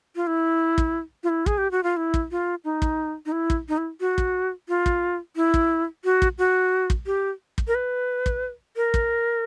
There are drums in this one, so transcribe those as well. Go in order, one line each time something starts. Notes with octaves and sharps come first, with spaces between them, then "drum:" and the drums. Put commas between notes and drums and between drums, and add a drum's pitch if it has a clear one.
F4
E4
drum: kick
F4
E4
G#4, drum: kick
G4
F#4
F4
E4
drum: kick
F4
D#4
drum: kick
D#4
E4
drum: kick
D#4
E4
F#4
drum: kick
F4
drum: kick
E4
drum: kick
F#4
drum: kick
F#4
drum: kick
G4
drum: kick
A#4
B4
drum: kick
A#4
drum: kick